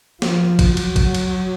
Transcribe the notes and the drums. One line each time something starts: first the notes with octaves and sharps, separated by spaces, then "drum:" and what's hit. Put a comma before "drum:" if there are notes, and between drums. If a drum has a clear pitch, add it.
F3, drum: snare
drum: kick, cymbal
F#3, drum: cymbal
drum: kick, cymbal
drum: cymbal